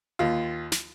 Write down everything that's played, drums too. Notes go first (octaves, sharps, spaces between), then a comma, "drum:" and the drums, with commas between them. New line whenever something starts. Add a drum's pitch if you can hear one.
D#2 F4
drum: snare